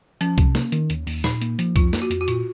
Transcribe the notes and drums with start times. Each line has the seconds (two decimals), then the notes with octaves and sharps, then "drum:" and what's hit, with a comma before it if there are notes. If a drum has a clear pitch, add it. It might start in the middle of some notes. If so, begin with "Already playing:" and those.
0.21 F3 C#4, drum: hi-hat
0.38 C3, drum: kick C2, hi-hat
0.55 A#3, drum: snare
0.72 D#3, drum: hi-hat
0.90 D#2, drum: hi-hat
1.07 D#2, drum: open hi-hat
1.24 A#2 D#4, drum: snare
1.42 A#3, drum: hi-hat
1.59 F3, drum: hi-hat
1.76 F2 F4, drum: kick C2, hi-hat
1.93 A#3, drum: snare
2.02 F#4
2.11 F2, drum: hi-hat
2.21 F#4
2.28 A#2 F4, drum: hi-hat